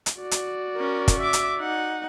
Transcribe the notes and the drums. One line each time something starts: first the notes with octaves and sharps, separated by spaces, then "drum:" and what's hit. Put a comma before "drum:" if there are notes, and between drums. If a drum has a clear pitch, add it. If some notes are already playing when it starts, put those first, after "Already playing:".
drum: hi-hat
F#4 D5
drum: hi-hat
C#4 A#4
drum: kick, hi-hat
E5 D6
drum: hi-hat
D#4 F#5